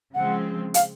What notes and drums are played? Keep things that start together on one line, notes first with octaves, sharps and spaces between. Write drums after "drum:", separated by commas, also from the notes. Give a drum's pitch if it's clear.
C#3 F3 G#3 C4 F#5
F5, drum: hi-hat